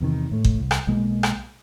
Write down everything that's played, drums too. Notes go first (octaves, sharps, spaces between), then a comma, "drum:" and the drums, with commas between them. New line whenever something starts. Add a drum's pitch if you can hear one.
E2 C3 D#3
A2 A3
drum: kick G1
C2
drum: rim click
B1 B2 G#3 A#3
drum: rim click